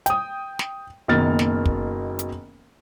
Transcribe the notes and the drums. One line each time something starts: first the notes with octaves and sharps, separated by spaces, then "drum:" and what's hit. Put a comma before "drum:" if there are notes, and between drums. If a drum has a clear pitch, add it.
G5 D#6, drum: hi-hat
drum: snare
F#1 B2 D#3 A#3 F6 A6
drum: snare
drum: kick
drum: hi-hat